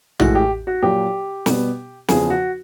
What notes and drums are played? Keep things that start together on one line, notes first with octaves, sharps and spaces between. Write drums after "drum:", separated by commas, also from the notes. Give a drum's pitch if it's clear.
A2 E3 G#3 F#4, drum: tom A#1
G4
F#4
A#2 F#3 A#3 G4
B2 G3 B3, drum: snare
E2 C#3 F3 G#4, drum: snare
F#4